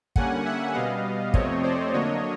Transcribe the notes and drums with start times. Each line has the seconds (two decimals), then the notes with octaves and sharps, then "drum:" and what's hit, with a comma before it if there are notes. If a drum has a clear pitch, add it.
0.16 D3 G3 A#3 C#4 F#5 G#5, drum: kick
0.46 E5 F#5
0.75 B2 G3 B3 D#5 F5
1.34 F2 C3 F3 A3 C4 C#5 D#5, drum: kick
1.63 C5 D5
1.93 D3 F#3 A#3 D4 C#5 D#5